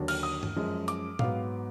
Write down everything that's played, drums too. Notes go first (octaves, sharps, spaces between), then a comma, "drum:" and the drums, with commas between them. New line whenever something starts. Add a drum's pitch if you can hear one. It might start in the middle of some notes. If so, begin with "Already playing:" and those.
Already playing: D#2 D3 F#3 D4
F6, drum: cymbal
D#6
drum: tom G2
F#2 F3 G#3
D6, drum: hi-hat
G#2 F#3 B3 F5, drum: tom A#2